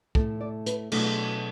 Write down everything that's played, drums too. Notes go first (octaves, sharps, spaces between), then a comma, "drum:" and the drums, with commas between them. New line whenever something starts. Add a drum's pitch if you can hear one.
A2 A3 E4 A4, drum: kick
D5
B4, drum: hi-hat
B2 F#3 A3 D4 A4, drum: cymbal